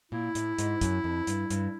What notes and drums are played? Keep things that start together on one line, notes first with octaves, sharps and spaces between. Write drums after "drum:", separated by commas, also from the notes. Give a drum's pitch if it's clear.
A#2 E4
A2, drum: hi-hat
G#2, drum: hi-hat
F#2, drum: kick, hi-hat
F2
G2, drum: hi-hat
G2, drum: hi-hat